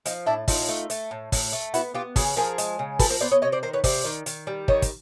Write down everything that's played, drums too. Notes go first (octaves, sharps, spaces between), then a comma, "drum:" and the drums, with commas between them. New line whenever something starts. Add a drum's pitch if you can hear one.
F3 D#4, drum: hi-hat
A2 D4 E4
A2 D#4 F4, drum: kick, open hi-hat
A3
A3, drum: hi-hat
A2
A2, drum: kick, open hi-hat
A3
B3 E4 F#4, drum: hi-hat
B3 F4 G4
C#3 F#4 G#4, drum: kick, open hi-hat
F3 G#4 A#4
G#3, drum: hi-hat
C#3
F3 A4 B4, drum: kick, open hi-hat
A#4 C5
B3 C5 D5
C#5 D#5
C3 C#5 D#5
C5 D5
D#3 A#4 C5
B4 C#5
C3 C5 D5, drum: kick, open hi-hat
D#3
D#3, drum: hi-hat
G3
D#3 C#5 D#5, drum: kick
drum: kick, hi-hat